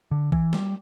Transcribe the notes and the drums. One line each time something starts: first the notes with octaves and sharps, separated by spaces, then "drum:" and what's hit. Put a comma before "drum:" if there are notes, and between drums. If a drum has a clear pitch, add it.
D3
E3, drum: kick A#1
G3, drum: snare